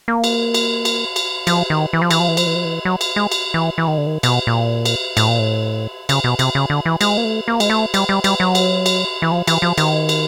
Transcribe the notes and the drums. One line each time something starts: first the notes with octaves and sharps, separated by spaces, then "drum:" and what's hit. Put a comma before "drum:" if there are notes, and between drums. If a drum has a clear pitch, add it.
A#3
drum: cymbal
drum: cymbal
drum: cymbal
drum: cymbal
F3, drum: cymbal
D#3
E3
F3
E3, drum: cymbal
F3
E3
F3, drum: cymbal
E3
F3
E3
F#3
drum: cymbal
G#3
drum: cymbal
E3
E3
D#3
D3
D#3
B2, drum: cymbal
A#2
drum: cymbal
A2, drum: cymbal
A#2
A2
C#3, drum: cymbal
B2
C3, drum: cymbal
C#3
D3
E3
G#3, drum: cymbal
A#3
A3
A#3
G#3, drum: cymbal
A3
G3, drum: cymbal
G3
G3, drum: cymbal
F#3
drum: cymbal
drum: cymbal
E3
F3
E3, drum: cymbal
F3
D#3, drum: cymbal
drum: cymbal